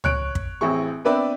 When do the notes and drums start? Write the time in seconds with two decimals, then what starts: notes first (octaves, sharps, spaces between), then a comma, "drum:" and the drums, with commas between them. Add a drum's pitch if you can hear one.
0.04 C#5 F#6 D7, drum: tom C#2
0.35 drum: kick
0.61 A1 C4 E4 G#4 C#6
1.05 B3 C4 D4 B4 D5 E5